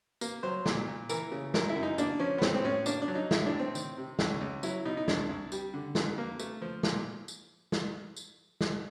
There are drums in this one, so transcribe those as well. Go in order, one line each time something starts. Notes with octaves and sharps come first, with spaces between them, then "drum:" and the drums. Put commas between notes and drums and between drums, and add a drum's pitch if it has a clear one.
A#3, drum: tambourine
F#3 C5
A#2, drum: snare
A#2
E3 A#4, drum: tambourine
C#3
F#2 A#4, drum: snare
E4
F#2
D#4
A#3 D4, drum: tambourine
F3 C#4
B3
A2 C4, drum: snare
C4
A2 C#4
A#3 D4, drum: tambourine
D4
F#3
D#4
A2 E4, drum: snare
D4
A2
C4
D#3, drum: tambourine
C3
C#2, drum: snare
C#2
F#3 E4, drum: tambourine
B2 D#4
D#4
C2 D4, drum: snare
C2
G3, drum: tambourine
D3
F2, drum: snare
A#3
A3, drum: tambourine
F3
A#2, drum: snare
drum: tambourine
drum: snare
drum: tambourine
drum: snare